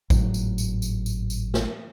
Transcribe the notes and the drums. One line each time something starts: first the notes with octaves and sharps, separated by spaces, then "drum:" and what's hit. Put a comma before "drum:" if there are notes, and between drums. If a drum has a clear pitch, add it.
G#1 A2 D#3 F#3, drum: kick, tambourine
drum: tambourine
drum: tambourine
drum: tambourine
drum: tambourine
drum: tambourine
drum: snare